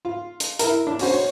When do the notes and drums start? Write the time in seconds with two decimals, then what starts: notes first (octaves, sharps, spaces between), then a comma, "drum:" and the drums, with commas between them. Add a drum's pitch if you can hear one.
0.05 F4
0.40 drum: hi-hat
0.59 E4 A#4, drum: hi-hat
0.87 D4
0.99 C#4 F#4 C5, drum: open hi-hat
1.13 C#5